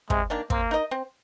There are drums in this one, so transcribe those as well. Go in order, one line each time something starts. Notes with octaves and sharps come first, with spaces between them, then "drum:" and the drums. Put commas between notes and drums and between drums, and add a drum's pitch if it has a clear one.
C3 G#3, drum: kick
D#3 A#3 D4
A#3 C4, drum: kick
D#4 A#4 D#5
C4